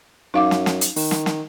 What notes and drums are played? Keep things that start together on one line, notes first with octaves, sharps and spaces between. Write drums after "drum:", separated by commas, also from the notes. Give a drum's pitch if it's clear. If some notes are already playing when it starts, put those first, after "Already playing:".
F#2 D#4 F5 D6
drum: snare
drum: snare
drum: hi-hat
D#3, drum: open hi-hat
drum: snare
drum: snare